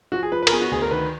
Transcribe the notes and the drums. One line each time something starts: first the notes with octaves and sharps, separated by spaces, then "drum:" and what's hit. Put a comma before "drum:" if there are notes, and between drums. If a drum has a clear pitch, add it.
F3 F#4
G#4
F3 B4
B4
A#4, drum: cymbal
B3 G#4
F#4
D2 G#4
A#4
D#3 B4